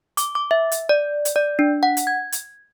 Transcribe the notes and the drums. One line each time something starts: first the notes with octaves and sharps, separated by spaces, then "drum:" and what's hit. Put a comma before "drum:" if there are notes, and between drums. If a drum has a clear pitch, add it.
D6, drum: hi-hat
D6
E5
drum: hi-hat
D5
drum: hi-hat
D5
D4
F#5
drum: hi-hat
G#6
drum: hi-hat